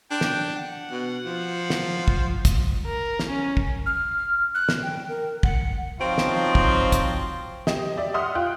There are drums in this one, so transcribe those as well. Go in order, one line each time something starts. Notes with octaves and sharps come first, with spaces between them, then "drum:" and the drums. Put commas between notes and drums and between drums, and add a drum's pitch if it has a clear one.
D4 G5
drum: snare
F#5
B2
F3
drum: snare
drum: kick
drum: kick, hi-hat
A#4
drum: snare
C#4
drum: kick
F6
F#6
drum: snare
G5
A#4
F#5, drum: kick
F3 F#3 C4 D#4 F4
drum: snare
drum: kick
drum: kick, hi-hat
G4 D#5, drum: snare
G4 D5 E5
D#5 E5 F#5 C6 D#6 F6
F4 G5 F#6